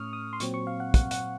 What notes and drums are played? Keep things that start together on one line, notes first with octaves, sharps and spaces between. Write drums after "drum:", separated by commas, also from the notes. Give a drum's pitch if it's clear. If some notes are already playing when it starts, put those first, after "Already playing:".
Already playing: A2 A3 C#4 C#6 D#6 F6
D#6
C6
A#2 F#3 C4 C#6, drum: hi-hat
C#6
F5
F#5
F#5, drum: kick, hi-hat
F#5, drum: hi-hat